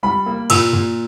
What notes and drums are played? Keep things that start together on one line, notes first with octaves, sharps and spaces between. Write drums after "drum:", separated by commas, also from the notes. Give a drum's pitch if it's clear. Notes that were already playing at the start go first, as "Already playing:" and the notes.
G3 B5
A#3
A#2 E6, drum: cymbal
A#2